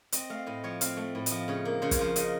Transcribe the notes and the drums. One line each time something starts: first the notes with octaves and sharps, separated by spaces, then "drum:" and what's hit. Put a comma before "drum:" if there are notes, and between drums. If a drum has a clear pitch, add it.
C4 D#5, drum: hi-hat
A3 F5
A2 D#5
F3 C#5
C4 F5, drum: hi-hat
A3
A2
F3 D#5, drum: hi-hat
C#3 C#5
A#3
C#3 C5
C#5, drum: kick, hi-hat
F3 C5
C#3 D#5, drum: hi-hat